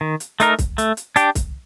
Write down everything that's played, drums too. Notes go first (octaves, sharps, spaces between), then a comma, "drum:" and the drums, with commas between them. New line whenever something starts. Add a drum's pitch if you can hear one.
D#3
drum: hi-hat
A3 D#4 A#4, drum: hi-hat
drum: kick C2, hi-hat
A3, drum: hi-hat
drum: hi-hat
D4 G4, drum: hi-hat
drum: kick C2, hi-hat